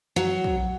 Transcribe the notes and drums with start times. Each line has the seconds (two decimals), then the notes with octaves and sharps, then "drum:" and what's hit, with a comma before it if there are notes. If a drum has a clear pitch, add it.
0.16 F#3
0.44 drum: kick